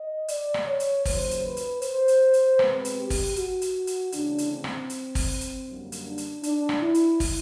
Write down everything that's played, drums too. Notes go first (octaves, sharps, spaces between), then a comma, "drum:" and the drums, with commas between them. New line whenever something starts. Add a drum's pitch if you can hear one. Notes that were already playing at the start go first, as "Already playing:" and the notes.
Already playing: D#5
D5, drum: hi-hat
drum: rim click
C#5
drum: hi-hat
D#2 C#3 F#3 C5, drum: kick, open hi-hat
drum: hi-hat
B4
drum: hi-hat
C5, drum: hi-hat
drum: hi-hat
drum: hi-hat
B2 G#3 C4 B4, drum: rim click
drum: hi-hat
G4
drum: kick, open hi-hat
F#4, drum: hi-hat
drum: hi-hat
drum: hi-hat
D2 C#3 E3 D4, drum: hi-hat
drum: hi-hat
C4
drum: rim click
drum: hi-hat
drum: kick, open hi-hat
drum: hi-hat
F#2 D3 G3 A#3
drum: hi-hat
D4
drum: hi-hat
D4, drum: hi-hat
drum: rim click
E4
drum: hi-hat
drum: kick, open hi-hat